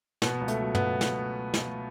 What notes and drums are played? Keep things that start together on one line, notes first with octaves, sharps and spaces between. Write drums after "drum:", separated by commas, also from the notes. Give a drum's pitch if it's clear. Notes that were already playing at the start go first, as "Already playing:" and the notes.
B2 B3, drum: snare
C#2
A3, drum: hi-hat
F#3
B3, drum: tom
C#2
drum: snare
drum: snare